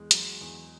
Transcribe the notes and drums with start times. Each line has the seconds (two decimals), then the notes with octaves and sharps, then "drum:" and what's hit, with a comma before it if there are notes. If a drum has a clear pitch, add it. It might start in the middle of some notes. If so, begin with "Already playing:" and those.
Already playing: E2 G#3
0.11 F#3, drum: hi-hat
0.41 E2